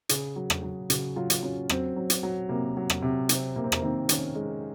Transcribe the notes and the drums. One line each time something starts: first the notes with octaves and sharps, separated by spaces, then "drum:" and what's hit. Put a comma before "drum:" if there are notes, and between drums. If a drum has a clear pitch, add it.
C#3 G#4, drum: hi-hat
F#3
drum: rim click
F#3
C#3 F#4, drum: hi-hat
F#3 F4
drum: hi-hat
F#3 C#4
F#3 C4, drum: rim click
F#3
drum: hi-hat
F#3
C3 A#3
F#3
drum: rim click
C3
C3 C4, drum: hi-hat
C3 A#3
C4
A#3, drum: rim click
D#3 C4
D#3 C#4, drum: hi-hat
G#3